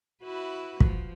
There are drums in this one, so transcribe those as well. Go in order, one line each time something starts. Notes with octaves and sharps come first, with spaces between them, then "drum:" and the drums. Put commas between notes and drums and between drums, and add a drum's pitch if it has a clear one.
E4 F#4 B4
F3, drum: kick